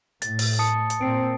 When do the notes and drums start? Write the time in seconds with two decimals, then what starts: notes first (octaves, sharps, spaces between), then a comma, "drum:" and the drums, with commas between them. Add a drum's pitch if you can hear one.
0.22 A2 A6, drum: hi-hat
0.39 drum: open hi-hat
0.59 A5 D#6 C#7
0.90 drum: hi-hat
1.01 A#2 C4 C7 D7